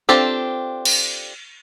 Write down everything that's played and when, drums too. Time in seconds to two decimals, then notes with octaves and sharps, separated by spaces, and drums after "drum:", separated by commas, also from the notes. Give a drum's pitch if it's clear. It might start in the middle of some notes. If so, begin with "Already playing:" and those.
0.09 C4 D4 F4 G4 A4
0.85 drum: cymbal